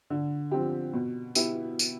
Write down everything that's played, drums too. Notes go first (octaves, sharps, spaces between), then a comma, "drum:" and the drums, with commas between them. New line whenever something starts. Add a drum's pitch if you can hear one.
D3
F3 C4 G4
B2
B3 E4 G4, drum: tambourine
drum: tambourine